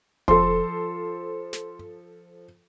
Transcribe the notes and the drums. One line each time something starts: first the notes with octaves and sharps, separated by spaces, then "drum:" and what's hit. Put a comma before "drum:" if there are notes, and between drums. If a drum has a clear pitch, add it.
F3 A4 C6, drum: kick F1
drum: snare